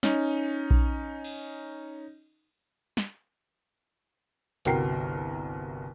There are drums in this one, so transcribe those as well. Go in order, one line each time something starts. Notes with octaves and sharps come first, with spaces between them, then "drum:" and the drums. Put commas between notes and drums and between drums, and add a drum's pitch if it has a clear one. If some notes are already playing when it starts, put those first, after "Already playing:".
C#4 D#4, drum: snare
drum: kick A#1
drum: cymbal
drum: snare
G1 C2 F#4 A#4 G5 C7, drum: hi-hat